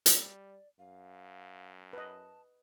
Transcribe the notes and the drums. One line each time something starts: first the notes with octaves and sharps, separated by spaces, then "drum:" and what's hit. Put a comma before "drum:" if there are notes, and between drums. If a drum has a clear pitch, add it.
drum: hi-hat
G3 D5
F#2 F5
B4 D#5 A5